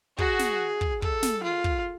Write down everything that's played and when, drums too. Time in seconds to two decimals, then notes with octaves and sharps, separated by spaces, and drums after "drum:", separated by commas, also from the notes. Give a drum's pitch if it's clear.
0.18 F#4 G#4, drum: kick
0.39 drum: snare
0.81 drum: kick
1.02 A4, drum: kick
1.23 drum: snare
1.43 F4
1.64 drum: kick